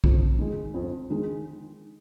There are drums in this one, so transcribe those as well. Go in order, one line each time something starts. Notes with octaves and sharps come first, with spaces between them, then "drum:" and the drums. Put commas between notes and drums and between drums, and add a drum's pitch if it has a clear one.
F2, drum: kick
D#3 G#3
F2
D#3 G#3